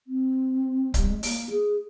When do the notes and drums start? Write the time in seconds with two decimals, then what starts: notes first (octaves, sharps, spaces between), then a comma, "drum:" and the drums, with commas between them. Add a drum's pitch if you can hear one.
0.07 C4
0.94 G3, drum: kick C#1, hi-hat
1.08 G#3
1.23 A#3, drum: open hi-hat
1.50 G#4